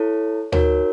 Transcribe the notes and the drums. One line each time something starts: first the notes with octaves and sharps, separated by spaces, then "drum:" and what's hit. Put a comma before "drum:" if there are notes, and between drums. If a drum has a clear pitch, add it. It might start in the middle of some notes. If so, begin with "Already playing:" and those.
Already playing: E4 A4 C#5
D#4 F#4 A#4 C#5, drum: tom